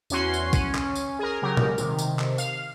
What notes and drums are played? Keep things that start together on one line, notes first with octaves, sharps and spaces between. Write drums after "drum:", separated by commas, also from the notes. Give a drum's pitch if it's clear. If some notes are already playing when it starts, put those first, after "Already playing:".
E2 C#4 F#4 C6, drum: tambourine
drum: tambourine
C#4, drum: kick, tambourine
drum: clap
drum: tambourine
G#4 A#4
C#3 F#3 G4 A#4
drum: tom
C3 D#3, drum: tambourine
drum: tambourine
drum: clap
F5, drum: tambourine